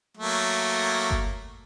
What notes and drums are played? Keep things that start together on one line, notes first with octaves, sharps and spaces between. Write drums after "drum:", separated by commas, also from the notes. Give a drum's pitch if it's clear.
F#3 A3 A#3
drum: kick G1